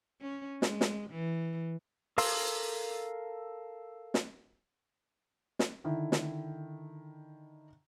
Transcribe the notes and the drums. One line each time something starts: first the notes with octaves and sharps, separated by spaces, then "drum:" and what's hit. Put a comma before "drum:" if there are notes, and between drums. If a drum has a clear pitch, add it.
C#4
G#3, drum: snare
drum: snare
E3
A4 A#4 F5 C6 E6, drum: open hi-hat
drum: snare
drum: snare
D3 D#3 E4
drum: snare